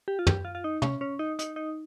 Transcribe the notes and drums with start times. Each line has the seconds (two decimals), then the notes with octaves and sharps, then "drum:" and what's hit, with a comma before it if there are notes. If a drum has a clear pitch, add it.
0.08 G4
0.19 F4
0.27 G4, drum: tom
0.45 F4
0.55 F4
0.64 D#4
0.82 C#4, drum: tom
1.01 C#4
1.19 D#4
1.39 D#4, drum: hi-hat
1.56 D#4